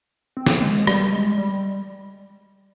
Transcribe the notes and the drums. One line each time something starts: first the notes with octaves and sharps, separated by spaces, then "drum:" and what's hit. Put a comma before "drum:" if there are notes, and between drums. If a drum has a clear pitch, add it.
C4
drum: snare
G#3
G3, drum: rim click
G#3
G3